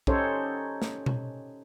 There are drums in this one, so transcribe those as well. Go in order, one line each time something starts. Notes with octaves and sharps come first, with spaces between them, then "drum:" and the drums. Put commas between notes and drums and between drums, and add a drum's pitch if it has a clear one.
C#4 D#4 G4 A4 C5 C#5, drum: kick
drum: snare
drum: tom B2